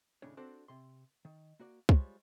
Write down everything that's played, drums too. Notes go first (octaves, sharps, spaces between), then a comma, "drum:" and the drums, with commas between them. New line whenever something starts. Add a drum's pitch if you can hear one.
D#2 A2 C#3 D4 C#5
C4 D4 F#4 A4 C5 D5
C3 C6
D#3
A#3 F#4 D5
G3 G#3 F4 C5 C#5, drum: kick